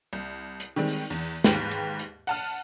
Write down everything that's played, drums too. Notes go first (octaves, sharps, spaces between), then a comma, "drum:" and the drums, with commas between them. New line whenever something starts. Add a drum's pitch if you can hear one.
C2
drum: hi-hat
D#3 G3 G#3 C4
drum: open hi-hat
E2
D#2 G#2 G4 B4, drum: snare
drum: hi-hat
drum: hi-hat
F#5 A5 F6, drum: open hi-hat